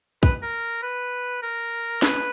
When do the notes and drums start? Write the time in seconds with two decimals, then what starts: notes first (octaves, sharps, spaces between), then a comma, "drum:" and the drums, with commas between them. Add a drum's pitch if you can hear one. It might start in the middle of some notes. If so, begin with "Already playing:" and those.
0.23 B4, drum: kick
0.43 A#4
0.83 B4
1.43 A#4
2.02 B4, drum: snare